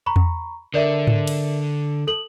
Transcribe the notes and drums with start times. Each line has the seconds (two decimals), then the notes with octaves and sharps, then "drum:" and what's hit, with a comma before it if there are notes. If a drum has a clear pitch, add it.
0.06 A#5 B5 C#6
0.16 drum: tom E2
0.74 D3 A#4 D5 E5
1.07 drum: tom G#2
1.27 drum: cymbal
2.07 A4 F#7